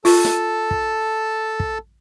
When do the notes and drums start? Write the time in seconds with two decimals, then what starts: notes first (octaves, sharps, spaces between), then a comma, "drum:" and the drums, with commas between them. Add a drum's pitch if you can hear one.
0.05 F4 A4 A5, drum: open hi-hat
0.25 drum: snare
0.71 drum: kick
1.60 drum: kick